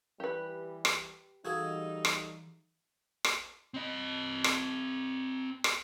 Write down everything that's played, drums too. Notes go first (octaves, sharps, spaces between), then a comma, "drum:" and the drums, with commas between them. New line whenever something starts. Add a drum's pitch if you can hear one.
E3 G3 G4 B4
drum: rim click
E3 G3 D#4 F#4 G#4 A4 F5 G#6
drum: rim click
drum: rim click
C4 D#5
drum: rim click
drum: rim click